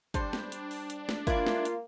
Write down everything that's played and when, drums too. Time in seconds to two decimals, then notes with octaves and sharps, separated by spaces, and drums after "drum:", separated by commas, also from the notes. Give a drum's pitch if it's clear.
0.14 G3 D4 C5, drum: kick, hi-hat
0.33 drum: snare
0.52 drum: hi-hat
0.71 drum: open hi-hat
0.90 drum: hi-hat
1.09 drum: snare
1.27 A#3 E4 F4 D5, drum: kick, hi-hat
1.46 drum: snare
1.65 drum: hi-hat